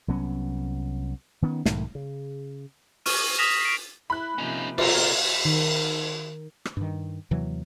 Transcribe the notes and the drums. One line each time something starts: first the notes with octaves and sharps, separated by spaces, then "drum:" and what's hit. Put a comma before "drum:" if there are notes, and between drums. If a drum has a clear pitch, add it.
C2 F#3 B3 C#4
D#3 B3 C#4
B1 G#2 D#3 A3, drum: snare
C#3
C#6 F6 D#7, drum: open hi-hat
D#6 F6 A#6 B6 E7 F7
C7 D7
E4 B5 F#6
C3 F3 A#3 C#4 D#4
B2 F4 A4 A#4 D5 A#5, drum: cymbal
D#3
drum: rim click
G2 D#3
D#2 C3 E3 F#3